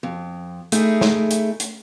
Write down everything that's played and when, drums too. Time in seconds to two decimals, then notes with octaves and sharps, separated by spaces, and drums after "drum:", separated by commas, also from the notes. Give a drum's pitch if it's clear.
0.03 F2
0.72 A3 D#4 E4 G#4, drum: hi-hat
1.01 drum: snare
1.31 drum: hi-hat
1.60 drum: hi-hat